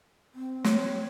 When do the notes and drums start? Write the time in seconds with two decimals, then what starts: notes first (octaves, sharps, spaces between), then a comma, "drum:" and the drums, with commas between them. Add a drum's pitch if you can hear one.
0.35 C4
0.64 C#5, drum: snare